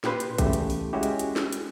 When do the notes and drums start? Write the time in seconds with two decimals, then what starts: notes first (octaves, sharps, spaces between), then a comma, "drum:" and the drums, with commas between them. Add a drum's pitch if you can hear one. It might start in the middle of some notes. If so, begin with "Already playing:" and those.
0.04 A#2 G4 B4 C6, drum: snare
0.20 drum: hi-hat
0.38 E2 C#3 A3 G4, drum: kick A#1, hi-hat
0.53 drum: hi-hat
0.70 drum: open hi-hat
0.93 G#3 C#4 E4 F#4 G4
1.03 drum: hi-hat
1.19 drum: hi-hat
1.36 drum: snare
1.53 drum: hi-hat